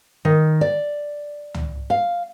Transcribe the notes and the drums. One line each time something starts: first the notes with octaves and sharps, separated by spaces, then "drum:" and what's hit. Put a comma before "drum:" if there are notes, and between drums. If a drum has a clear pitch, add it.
D#3
D5
drum: tom C#2
F5